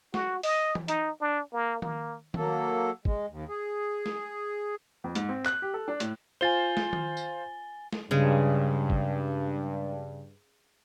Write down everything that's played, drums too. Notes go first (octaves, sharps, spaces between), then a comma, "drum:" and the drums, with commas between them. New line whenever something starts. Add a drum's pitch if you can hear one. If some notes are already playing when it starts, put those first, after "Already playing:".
F#4, drum: snare
D#5, drum: open hi-hat
drum: tom E3
D#4, drum: hi-hat
D4
A#3
A#3, drum: tom D#3
F#3 A#3 A4, drum: tom D#3
G#3, drum: kick
D#2
G#4
drum: snare
F2
G#2, drum: hi-hat
C4
F#6, drum: clap
G4
A4
D4
A2, drum: hi-hat
F4 C5 G#5 A6 G7
drum: snare
drum: tom D#3
drum: tambourine
drum: snare
G2 C#3 G#3
drum: kick